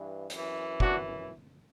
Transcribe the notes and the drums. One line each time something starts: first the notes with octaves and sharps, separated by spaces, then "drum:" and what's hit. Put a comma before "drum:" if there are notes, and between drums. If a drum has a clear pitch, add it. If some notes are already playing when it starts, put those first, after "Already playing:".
Already playing: G2 E3
F#2 E3, drum: hi-hat
D4 F#4, drum: kick